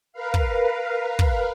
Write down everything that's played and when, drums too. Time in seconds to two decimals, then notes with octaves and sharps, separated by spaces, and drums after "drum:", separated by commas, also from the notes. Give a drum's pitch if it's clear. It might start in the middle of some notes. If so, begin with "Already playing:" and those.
0.13 A#4 B4 F5
0.34 drum: kick
1.19 drum: kick